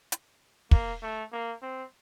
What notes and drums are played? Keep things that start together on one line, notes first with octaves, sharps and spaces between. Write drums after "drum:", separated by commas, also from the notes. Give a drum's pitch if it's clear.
drum: hi-hat
A#3, drum: kick
A3
A#3
C4